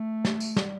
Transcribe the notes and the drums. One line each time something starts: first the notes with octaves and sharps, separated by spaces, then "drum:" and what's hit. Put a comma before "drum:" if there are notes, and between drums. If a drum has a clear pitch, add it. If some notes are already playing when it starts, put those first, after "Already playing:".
Already playing: A3
drum: snare
drum: tambourine
G3, drum: snare